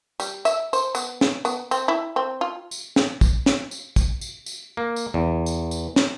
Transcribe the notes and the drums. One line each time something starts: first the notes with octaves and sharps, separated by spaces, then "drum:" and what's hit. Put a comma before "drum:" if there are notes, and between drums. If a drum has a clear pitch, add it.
G3, drum: tambourine
E5, drum: tambourine
C5, drum: tambourine
B3, drum: tambourine
drum: snare
B3, drum: tambourine
C4, drum: tambourine
E4
C4
F4
drum: tambourine
drum: snare
drum: kick, tambourine
drum: snare
drum: tambourine
drum: kick, tambourine
drum: tambourine
drum: tambourine
A#3
drum: tambourine
E2
drum: tambourine
drum: tambourine
drum: snare